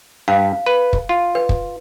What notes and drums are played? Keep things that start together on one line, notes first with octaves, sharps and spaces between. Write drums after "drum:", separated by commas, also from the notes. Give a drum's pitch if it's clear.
G2 F5
B4
drum: kick
F4
B4
drum: kick